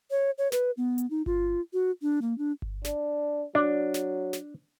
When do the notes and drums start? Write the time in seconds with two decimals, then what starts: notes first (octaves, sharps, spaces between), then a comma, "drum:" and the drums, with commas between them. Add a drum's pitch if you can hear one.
0.11 C#5
0.38 C#5
0.52 B4, drum: snare
0.77 B3
0.98 drum: hi-hat
1.10 D#4
1.26 F4, drum: kick G1
1.73 F#4
2.02 D4
2.22 A#3
2.38 D4
2.62 drum: kick G1
2.85 D4, drum: snare
3.55 F#3 D4
3.94 drum: snare
4.33 drum: snare